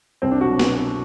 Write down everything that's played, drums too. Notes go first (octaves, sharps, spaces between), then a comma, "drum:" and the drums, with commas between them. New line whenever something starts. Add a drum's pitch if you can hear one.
C2 C4
D4
B2 F#3 F#4
drum: snare